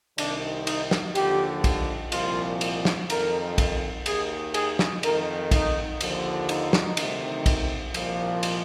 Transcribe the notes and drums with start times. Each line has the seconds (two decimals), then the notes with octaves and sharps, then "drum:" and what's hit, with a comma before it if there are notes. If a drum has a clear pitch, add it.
0.18 C2 C3 D#3 D4, drum: cymbal
0.67 D#4, drum: cymbal
0.91 drum: snare
1.15 D#2 D3 F3 G4, drum: cymbal
1.64 drum: kick, cymbal
2.12 C2 A#2 F3 F4, drum: cymbal
2.61 drum: cymbal
2.85 drum: snare
3.10 F2 D#3 A#4, drum: cymbal
3.58 drum: kick, cymbal
4.06 D#2 D#3 G#4, drum: cymbal
4.54 G#4, drum: cymbal
4.79 drum: snare
5.03 F2 D#3 A#4, drum: cymbal
5.51 D#4, drum: kick, cymbal
6.01 D#2 D3 F3, drum: cymbal
6.49 D#4, drum: cymbal
6.73 drum: snare
6.97 D2 C3 D#3, drum: cymbal
7.46 drum: kick, cymbal
7.94 C2 A#2 F3, drum: cymbal
8.43 drum: cymbal